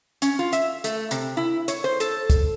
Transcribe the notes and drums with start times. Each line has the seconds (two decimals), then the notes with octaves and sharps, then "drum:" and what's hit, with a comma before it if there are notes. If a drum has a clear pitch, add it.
0.22 C#4, drum: hi-hat
0.39 F4
0.53 E5, drum: hi-hat
0.84 A3, drum: hi-hat
1.11 C3, drum: hi-hat
1.37 E4
1.68 C#5, drum: hi-hat
1.84 C5
2.00 A4, drum: hi-hat
2.30 drum: kick, hi-hat